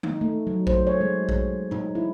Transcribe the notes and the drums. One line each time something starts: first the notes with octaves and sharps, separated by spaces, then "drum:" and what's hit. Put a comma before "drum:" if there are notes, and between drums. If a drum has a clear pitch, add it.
D#4, drum: tom D#3
A3
F#3
C5, drum: kick A#1
C#5
G#3
drum: kick A#1
D#4, drum: tom A2
E4